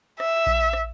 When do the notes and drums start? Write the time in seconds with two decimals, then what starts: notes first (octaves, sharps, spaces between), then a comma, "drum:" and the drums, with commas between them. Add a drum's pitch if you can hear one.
0.20 E5, drum: rim click
0.47 drum: kick A#1
0.73 drum: rim click